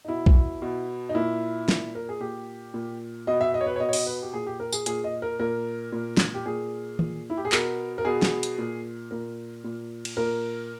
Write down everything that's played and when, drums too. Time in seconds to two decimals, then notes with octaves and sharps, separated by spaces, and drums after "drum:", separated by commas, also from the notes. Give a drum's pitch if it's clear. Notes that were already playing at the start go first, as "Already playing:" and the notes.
0.05 D#4
0.08 B2 E4
0.26 drum: kick B1
0.62 B2
1.09 D#4
1.15 A#2 E4
1.68 A#2, drum: snare
1.95 A#4
2.09 G#4
2.20 A#2 G4
2.74 A#2
3.27 B2 D#5
3.41 E5
3.54 D#5
3.61 C#5
3.67 B4
3.76 C#5
3.80 B2 D#5
3.89 C#5
3.93 D#5, drum: open hi-hat
4.06 B4
4.22 G4
4.33 A#2 G#4
4.47 G4
4.60 A#4
4.72 G#4, drum: tambourine
4.86 A#2 G#4, drum: hi-hat
5.04 D#5
5.22 A#4
5.40 A#2 A#4
5.92 A#2
6.17 drum: snare
6.34 G4
6.46 A#2 G#4
6.99 A#2, drum: tom D#3
7.30 E4
7.37 G4
7.45 G#4
7.52 B2 A#4, drum: clap
7.98 A#4
8.05 B2 G#4
8.22 drum: snare
8.43 drum: hi-hat
8.58 A#2
9.11 A#2 A#4
9.64 A#2
10.05 drum: cymbal
10.17 A#2 A#4